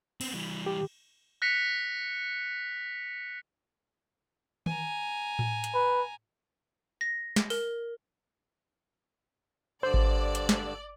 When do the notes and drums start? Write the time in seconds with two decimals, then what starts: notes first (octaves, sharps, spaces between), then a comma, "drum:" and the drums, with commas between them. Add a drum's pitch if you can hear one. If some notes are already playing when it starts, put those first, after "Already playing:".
0.21 B3 C4, drum: cymbal
0.34 E3 G3
0.66 G4
1.42 F#6 A#6 B6 C#7 F7
4.66 G#5 A#5, drum: tom D#3
5.39 drum: tom A2
5.64 drum: hi-hat
5.74 B4
7.01 A#6
7.36 drum: snare
7.50 A#4, drum: open hi-hat
9.83 G2 D3 C5 D5 E6
9.94 drum: kick G#1
10.35 drum: hi-hat
10.49 drum: snare